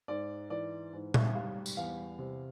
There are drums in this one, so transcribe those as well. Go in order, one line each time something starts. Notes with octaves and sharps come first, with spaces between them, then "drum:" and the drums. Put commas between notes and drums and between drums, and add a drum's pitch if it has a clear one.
G#2 D5
E3 D5
G#2
E5, drum: tom A#2
G3 F5
drum: tambourine
E2 F5
C3